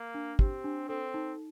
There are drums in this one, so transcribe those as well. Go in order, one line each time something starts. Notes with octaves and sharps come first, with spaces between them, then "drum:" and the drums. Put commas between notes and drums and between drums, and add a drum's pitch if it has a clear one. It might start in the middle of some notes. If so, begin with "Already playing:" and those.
Already playing: A#3
D4
C4 G4, drum: kick
D4
C4 A4
D#4